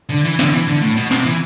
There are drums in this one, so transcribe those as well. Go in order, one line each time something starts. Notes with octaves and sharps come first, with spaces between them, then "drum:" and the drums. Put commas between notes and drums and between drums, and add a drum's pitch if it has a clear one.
D3
E3
D3, drum: snare
E3
D3
A2
B2
C3, drum: snare
E3